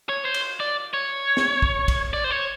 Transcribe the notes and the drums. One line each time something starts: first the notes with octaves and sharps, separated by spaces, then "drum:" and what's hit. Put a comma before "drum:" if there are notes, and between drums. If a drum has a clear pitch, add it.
C#5
C5
drum: cymbal
D5
C#5
drum: snare
drum: kick
drum: kick, cymbal
D5
C5
C#5